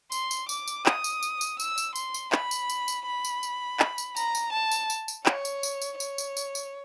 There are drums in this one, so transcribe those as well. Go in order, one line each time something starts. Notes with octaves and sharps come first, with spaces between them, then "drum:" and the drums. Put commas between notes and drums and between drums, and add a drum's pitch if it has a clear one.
C6, drum: tambourine
drum: tambourine
D6, drum: tambourine
drum: tambourine
D#6, drum: clap
drum: tambourine
drum: tambourine
drum: tambourine
E6, drum: tambourine
drum: tambourine
C6, drum: tambourine
drum: tambourine
B5, drum: clap
drum: tambourine
drum: tambourine
drum: tambourine
B5
drum: tambourine
drum: tambourine
drum: clap
drum: tambourine
A#5, drum: tambourine
drum: tambourine
A5
drum: tambourine
drum: tambourine
drum: tambourine
C#5, drum: clap
drum: tambourine
drum: tambourine
drum: tambourine
C#5, drum: tambourine
drum: tambourine
drum: tambourine
drum: tambourine